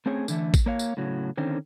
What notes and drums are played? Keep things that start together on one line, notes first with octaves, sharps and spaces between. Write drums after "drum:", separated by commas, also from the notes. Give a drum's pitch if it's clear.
A3 C4 C#4 G#4 C#5
D3 E3 A3, drum: tambourine
drum: kick, tambourine
A#3 C#5 F5
drum: tambourine
A2 C#3 F#3
D3 D#3 C4 C#4